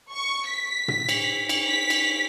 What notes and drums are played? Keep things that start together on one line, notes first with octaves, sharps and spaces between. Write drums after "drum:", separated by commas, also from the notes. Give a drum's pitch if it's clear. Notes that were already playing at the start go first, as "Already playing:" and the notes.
C#6
B6
drum: tom
drum: cymbal
drum: cymbal
B6
drum: cymbal